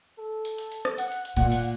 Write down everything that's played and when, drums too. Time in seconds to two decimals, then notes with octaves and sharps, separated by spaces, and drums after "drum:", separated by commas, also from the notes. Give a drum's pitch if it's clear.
0.18 A4
0.45 drum: hi-hat
0.58 drum: hi-hat
0.72 drum: hi-hat
0.85 drum: rim click
0.98 F#5, drum: hi-hat
1.12 drum: hi-hat
1.25 drum: hi-hat
1.37 A#2 F#5, drum: hi-hat
1.52 drum: open hi-hat